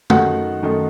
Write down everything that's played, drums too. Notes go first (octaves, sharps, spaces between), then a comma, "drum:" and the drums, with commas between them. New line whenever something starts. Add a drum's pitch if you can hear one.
F#2 D#3 A3 D#4 F#4 F#5, drum: tom
F#2 D#3 A3 D#4